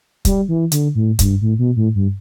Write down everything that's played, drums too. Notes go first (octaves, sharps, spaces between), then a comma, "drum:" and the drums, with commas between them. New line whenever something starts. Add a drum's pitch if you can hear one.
G3, drum: kick, hi-hat
E3
D3, drum: hi-hat
A2
G2, drum: kick, hi-hat
A2
B2
A2
G2